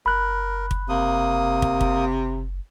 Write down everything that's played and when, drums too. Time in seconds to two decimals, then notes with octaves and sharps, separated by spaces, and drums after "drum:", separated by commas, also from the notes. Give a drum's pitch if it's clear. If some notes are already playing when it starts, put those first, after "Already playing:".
0.06 F#1 A#4 B5 F#6
0.71 drum: kick
0.89 C3 A#3 D#6
1.62 drum: kick
1.81 drum: kick